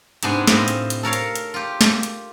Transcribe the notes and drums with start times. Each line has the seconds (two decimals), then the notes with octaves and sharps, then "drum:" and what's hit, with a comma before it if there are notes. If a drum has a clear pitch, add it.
0.23 G#2 C3 G#3 B3 D4 G#5, drum: hi-hat
0.47 A2 C4 D#5 F5, drum: snare
0.68 drum: hi-hat
0.90 drum: hi-hat
1.03 A4 A#4 C#5 F5
1.13 drum: hi-hat
1.35 drum: hi-hat
1.54 F4 G4
1.81 drum: snare
2.03 drum: hi-hat